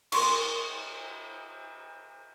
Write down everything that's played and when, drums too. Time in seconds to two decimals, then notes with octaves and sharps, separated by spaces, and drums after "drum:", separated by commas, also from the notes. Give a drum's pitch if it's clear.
0.12 A#4 C6 C#6, drum: cymbal